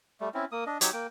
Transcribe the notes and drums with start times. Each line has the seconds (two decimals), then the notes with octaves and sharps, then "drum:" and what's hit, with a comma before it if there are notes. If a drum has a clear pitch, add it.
0.21 G3 A3
0.34 C4 C#4 E4
0.52 A#3 D#6
0.67 D4 D#5
0.81 F#3 D#4 G4 C#5, drum: hi-hat
0.93 A#3 G5